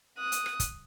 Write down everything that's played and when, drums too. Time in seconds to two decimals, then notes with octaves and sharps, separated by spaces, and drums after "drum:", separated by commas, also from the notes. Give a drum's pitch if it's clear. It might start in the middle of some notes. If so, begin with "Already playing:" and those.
0.18 D#6 F#6
0.32 drum: hi-hat
0.46 drum: rim click
0.60 drum: kick, hi-hat